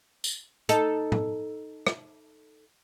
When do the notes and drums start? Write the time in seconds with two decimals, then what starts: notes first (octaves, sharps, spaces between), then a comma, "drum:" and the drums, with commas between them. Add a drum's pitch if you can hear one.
0.24 drum: tambourine
0.69 D#4 A4, drum: hi-hat
1.12 drum: tom A2
1.87 drum: rim click